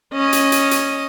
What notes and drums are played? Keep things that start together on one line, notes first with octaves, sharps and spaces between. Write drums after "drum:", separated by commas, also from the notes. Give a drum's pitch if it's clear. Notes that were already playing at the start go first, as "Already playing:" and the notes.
C#4 D#5
drum: hi-hat
drum: hi-hat
drum: hi-hat